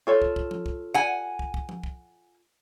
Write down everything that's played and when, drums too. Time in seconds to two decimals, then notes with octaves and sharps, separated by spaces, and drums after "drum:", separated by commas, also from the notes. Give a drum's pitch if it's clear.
0.07 F4 A4 C#5
0.22 drum: kick
0.36 drum: kick
0.51 drum: tom F3
0.66 drum: kick
0.94 F#5 G#5
1.39 drum: kick
1.54 drum: kick
1.69 drum: tom F3
1.83 drum: kick